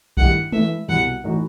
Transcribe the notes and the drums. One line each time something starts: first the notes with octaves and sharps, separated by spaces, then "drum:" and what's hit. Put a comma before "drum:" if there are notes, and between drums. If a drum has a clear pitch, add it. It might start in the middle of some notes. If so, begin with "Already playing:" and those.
G2 D#3 A3 E4 G4 F#5, drum: kick A#1
E3 A3 E4 B4 E5, drum: tom G#3
C2 B2 G3 F#5
A2 E3 A3 D#4 F#4